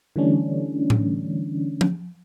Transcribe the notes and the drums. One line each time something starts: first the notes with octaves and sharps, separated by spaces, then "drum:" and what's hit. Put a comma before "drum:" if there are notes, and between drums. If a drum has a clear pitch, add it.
D3 E3 G3 A3 C#4 D4
drum: tom A2
drum: tom F3